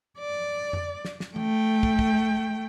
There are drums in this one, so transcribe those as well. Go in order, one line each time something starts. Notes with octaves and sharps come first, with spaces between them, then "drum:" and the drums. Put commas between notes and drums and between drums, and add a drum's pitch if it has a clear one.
D5
drum: tom F2
drum: snare
drum: snare
A3 G5, drum: tom E3
drum: kick
drum: kick